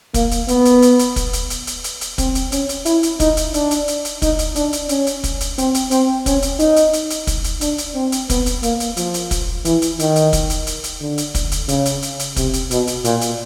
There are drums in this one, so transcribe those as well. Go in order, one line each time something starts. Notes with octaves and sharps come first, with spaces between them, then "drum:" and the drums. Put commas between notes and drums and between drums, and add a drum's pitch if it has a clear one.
A#3, drum: kick, hi-hat
drum: hi-hat
B3, drum: hi-hat
drum: hi-hat
drum: hi-hat
drum: hi-hat
drum: kick, hi-hat
drum: hi-hat
drum: hi-hat
drum: hi-hat
drum: hi-hat
drum: hi-hat
C4, drum: kick, hi-hat
drum: hi-hat
C#4, drum: hi-hat
drum: hi-hat
E4, drum: hi-hat
drum: hi-hat
D#4, drum: kick, hi-hat
drum: hi-hat
D4, drum: hi-hat
drum: hi-hat
drum: hi-hat
drum: hi-hat
D#4, drum: kick, hi-hat
drum: hi-hat
D4, drum: hi-hat
drum: hi-hat
C#4, drum: hi-hat
drum: hi-hat
drum: kick, hi-hat
drum: hi-hat
C4, drum: hi-hat
drum: hi-hat
C4, drum: hi-hat
C#4, drum: kick, hi-hat
drum: hi-hat
D#4, drum: hi-hat
drum: hi-hat
drum: hi-hat
drum: hi-hat
drum: kick, hi-hat
drum: hi-hat
D4, drum: hi-hat
drum: hi-hat
C4
drum: hi-hat
B3, drum: kick, hi-hat
drum: hi-hat
A#3, drum: hi-hat
drum: hi-hat
F3, drum: hi-hat
drum: hi-hat
drum: kick, hi-hat
E3, drum: hi-hat
drum: hi-hat
D#3, drum: hi-hat
drum: hi-hat
drum: kick, hi-hat
drum: hi-hat
drum: hi-hat
drum: hi-hat
D3
drum: hi-hat
drum: kick, hi-hat
drum: hi-hat
C#3, drum: hi-hat
drum: hi-hat
drum: hi-hat
drum: hi-hat
C3, drum: kick, hi-hat
drum: hi-hat
B2, drum: hi-hat
drum: hi-hat
A#2, drum: hi-hat
drum: hi-hat